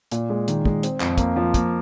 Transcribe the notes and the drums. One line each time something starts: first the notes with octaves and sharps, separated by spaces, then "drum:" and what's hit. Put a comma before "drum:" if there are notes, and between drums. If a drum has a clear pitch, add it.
A#2, drum: hi-hat
G#3
D#3, drum: hi-hat
G#3, drum: kick
C4, drum: hi-hat
F2, drum: clap
A#3, drum: kick, hi-hat
F3
A#3, drum: kick, hi-hat